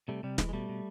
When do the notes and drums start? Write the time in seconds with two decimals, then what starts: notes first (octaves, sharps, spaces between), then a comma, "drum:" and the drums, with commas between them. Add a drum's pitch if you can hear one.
0.08 C3 G3 A3
0.23 C3 G3
0.38 E3 G#3, drum: snare
0.49 G#3
0.53 B2 G3 A3
0.69 B2